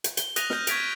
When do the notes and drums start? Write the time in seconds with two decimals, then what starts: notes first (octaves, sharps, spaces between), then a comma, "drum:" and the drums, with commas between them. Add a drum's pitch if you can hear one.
0.04 drum: hi-hat
0.17 G7, drum: hi-hat
0.36 D#6 F#6 A#6 D#7 F7, drum: hi-hat
0.50 F6 G6, drum: snare
0.67 C#6 G#6 B6 D7 F7, drum: hi-hat